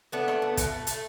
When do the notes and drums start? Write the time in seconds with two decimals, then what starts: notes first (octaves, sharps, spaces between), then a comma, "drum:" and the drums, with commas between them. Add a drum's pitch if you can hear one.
0.12 A3 B3 D4
0.28 A3, drum: rim click
0.42 A3
0.57 B2, drum: kick, hi-hat
0.72 A3
0.87 A3, drum: hi-hat